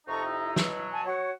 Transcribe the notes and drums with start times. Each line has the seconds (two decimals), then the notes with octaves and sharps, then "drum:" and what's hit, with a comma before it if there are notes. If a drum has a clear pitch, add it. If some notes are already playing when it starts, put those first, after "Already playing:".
0.08 F2 C3 D#4 A4 A#5 C#6
0.23 E4
0.56 B2 F#3, drum: snare
0.91 G#5 A5
1.04 F#4 C#5